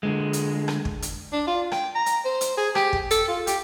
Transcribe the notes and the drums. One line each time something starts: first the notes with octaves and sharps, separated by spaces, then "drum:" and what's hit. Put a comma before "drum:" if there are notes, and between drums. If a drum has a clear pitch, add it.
D3 G#3
drum: hi-hat
drum: rim click
drum: kick
drum: hi-hat
D4
F4
G5, drum: rim click
A#5
drum: hi-hat
C5
drum: hi-hat
G#4
G4, drum: rim click
drum: kick
A4, drum: hi-hat
F4
G4, drum: hi-hat